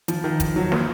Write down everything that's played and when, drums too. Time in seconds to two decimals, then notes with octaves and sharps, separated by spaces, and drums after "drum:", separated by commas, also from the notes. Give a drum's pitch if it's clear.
0.08 F3, drum: hi-hat
0.24 D#3
0.40 drum: kick, hi-hat
0.56 F#3
0.72 A#3, drum: snare